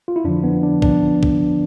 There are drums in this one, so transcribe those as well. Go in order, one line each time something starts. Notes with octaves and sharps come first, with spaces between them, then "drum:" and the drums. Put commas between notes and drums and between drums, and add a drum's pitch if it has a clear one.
F4
E4
F2 D3 F3 D4
B3
D4
D4, drum: kick
drum: kick